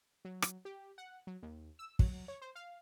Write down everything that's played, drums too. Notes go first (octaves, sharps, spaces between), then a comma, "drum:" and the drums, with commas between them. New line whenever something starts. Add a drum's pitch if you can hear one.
F#3
drum: rim click
G4
F#5
F#3
D#2
E6
F#3, drum: kick
C#5
C5
F5